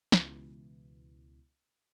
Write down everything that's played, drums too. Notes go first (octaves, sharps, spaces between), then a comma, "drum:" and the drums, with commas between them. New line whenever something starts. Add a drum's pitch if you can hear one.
C#2 B2 E3, drum: snare